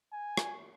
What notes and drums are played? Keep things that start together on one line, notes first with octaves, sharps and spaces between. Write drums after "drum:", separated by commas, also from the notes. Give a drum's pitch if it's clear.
G#5
drum: rim click